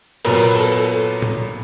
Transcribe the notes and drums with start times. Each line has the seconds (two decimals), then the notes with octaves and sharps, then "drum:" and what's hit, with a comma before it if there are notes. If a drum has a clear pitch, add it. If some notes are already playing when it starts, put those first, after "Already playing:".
0.25 A#2 F#3 B3 A#4, drum: cymbal
0.55 A4
1.22 drum: tom A2